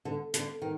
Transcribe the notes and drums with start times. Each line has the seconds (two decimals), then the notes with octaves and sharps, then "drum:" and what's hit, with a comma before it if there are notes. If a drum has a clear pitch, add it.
0.05 D3
0.34 D3, drum: hi-hat
0.62 D#3